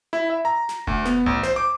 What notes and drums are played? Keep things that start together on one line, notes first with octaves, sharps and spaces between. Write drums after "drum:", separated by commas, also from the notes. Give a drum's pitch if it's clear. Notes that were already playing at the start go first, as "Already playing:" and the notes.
E4
E5
A#5
drum: snare
D2, drum: kick E1
B3, drum: snare
A1, drum: tom C2
C5, drum: snare
D6